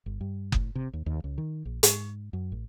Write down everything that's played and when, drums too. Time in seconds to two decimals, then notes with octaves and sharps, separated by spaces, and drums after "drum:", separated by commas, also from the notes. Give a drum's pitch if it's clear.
0.06 G1
0.21 G2
0.52 A2, drum: kick F#1
0.75 C3
0.93 D#2
1.06 D#2
1.24 C#2
1.38 D#3
1.65 A#1
1.83 G#2, drum: hi-hat
2.33 F#2
2.52 A1